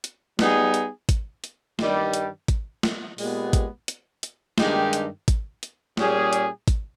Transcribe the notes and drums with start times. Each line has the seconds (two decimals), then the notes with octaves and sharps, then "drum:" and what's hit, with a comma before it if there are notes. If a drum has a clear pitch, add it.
0.04 drum: hi-hat
0.39 G3 B3 D#4 G#4, drum: snare
0.74 drum: hi-hat
1.09 drum: kick G#1, hi-hat
1.44 drum: hi-hat
1.79 G2 D#3 G3, drum: snare
2.14 drum: hi-hat
2.48 drum: kick G#1, hi-hat
2.83 drum: snare
3.18 A#2 G#3 B3 G4, drum: open hi-hat
3.53 drum: kick G#1, hi-hat
3.88 drum: hi-hat
4.23 drum: hi-hat
4.58 G2 D#3 G#3 D#4 G4, drum: snare
4.93 drum: hi-hat
5.28 drum: kick G#1, hi-hat
5.63 drum: hi-hat
5.97 A#2 G3 C#4 G#4, drum: snare
6.33 drum: hi-hat
6.68 drum: kick G#1, hi-hat